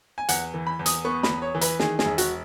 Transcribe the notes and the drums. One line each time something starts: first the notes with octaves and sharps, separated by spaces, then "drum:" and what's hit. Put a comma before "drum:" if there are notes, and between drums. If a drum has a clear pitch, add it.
G#5
E2 F#5, drum: hi-hat
E3
B5
E2
D#6, drum: hi-hat
B3 C#6
B5, drum: snare
E2
C#5
E3
B4, drum: hi-hat
D#3 G#4, drum: snare
G#4, drum: snare
E1
F#4, drum: hi-hat